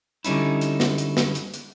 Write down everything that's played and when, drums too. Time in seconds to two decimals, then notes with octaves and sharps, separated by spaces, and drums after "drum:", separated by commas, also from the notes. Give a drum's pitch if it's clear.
0.25 D3 G3 C#4 D#4 E4, drum: hi-hat
0.61 drum: hi-hat
0.80 drum: snare
0.98 drum: hi-hat
1.17 drum: snare
1.35 drum: hi-hat
1.54 drum: hi-hat